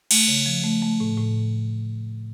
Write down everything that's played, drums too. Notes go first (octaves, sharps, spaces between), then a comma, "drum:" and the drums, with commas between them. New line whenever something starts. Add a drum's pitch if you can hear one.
A3, drum: cymbal
C#3
F3
A3
A3
A2
A2